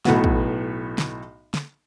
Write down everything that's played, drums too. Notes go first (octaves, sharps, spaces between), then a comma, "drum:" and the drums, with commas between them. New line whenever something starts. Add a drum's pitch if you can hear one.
B1 A2 B3 F#4, drum: snare
drum: kick
drum: snare
drum: snare